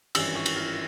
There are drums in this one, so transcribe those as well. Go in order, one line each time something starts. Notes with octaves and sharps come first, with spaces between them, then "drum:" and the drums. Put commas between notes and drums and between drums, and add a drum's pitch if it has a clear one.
G#1 G2 E3 G3 C#4 E6, drum: cymbal
C#6
drum: cymbal
F6